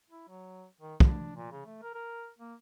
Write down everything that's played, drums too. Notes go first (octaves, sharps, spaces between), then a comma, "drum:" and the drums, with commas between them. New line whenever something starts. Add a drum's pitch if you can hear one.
E4
F#3
D#3
D4, drum: kick
A#2
C#3
A3
A#4
A#4
A#3